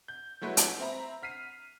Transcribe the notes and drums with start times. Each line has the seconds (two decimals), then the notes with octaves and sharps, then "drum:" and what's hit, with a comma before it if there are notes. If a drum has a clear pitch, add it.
0.08 G6
0.42 F#3 G#3 A3 E4 B4
0.57 drum: hi-hat
0.80 C4 E5 A#5 B5
1.23 F6 B6 C7 D#7